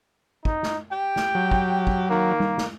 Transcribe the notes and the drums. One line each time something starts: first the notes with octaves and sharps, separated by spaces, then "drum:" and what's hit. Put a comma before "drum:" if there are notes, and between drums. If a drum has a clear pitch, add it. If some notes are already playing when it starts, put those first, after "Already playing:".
D#4, drum: kick
drum: snare
G4 G5
drum: snare
F#3
drum: kick
drum: kick
D#3 A#3
drum: tom G3
drum: snare